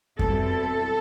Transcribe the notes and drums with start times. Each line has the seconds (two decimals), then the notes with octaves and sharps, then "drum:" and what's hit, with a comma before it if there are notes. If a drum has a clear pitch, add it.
0.19 B2 G3 C4 E4 A4, drum: kick F#2